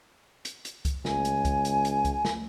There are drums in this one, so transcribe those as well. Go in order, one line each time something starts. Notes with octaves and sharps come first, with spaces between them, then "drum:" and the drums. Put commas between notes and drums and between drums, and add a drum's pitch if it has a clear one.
drum: hi-hat
drum: hi-hat
drum: kick C#2, hi-hat
C#2 G#5, drum: snare
drum: hi-hat
drum: kick C#2, hi-hat
drum: hi-hat
drum: hi-hat
drum: kick C#2, hi-hat
drum: snare